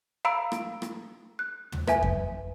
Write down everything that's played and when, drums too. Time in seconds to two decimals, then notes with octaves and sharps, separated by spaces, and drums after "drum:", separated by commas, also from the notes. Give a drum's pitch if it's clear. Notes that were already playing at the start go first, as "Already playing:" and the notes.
0.25 F5 A#5 B5 E6 D7
0.52 drum: rim click
0.82 drum: rim click
1.39 F#6
1.72 drum: tom
1.87 B4 E5 G#5, drum: rim click
2.03 drum: kick F2